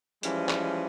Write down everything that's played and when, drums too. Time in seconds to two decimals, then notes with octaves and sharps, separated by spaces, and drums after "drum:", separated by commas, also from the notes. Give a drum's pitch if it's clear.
0.23 E3 F3 G3 G#3 C#4, drum: hi-hat
0.49 drum: clap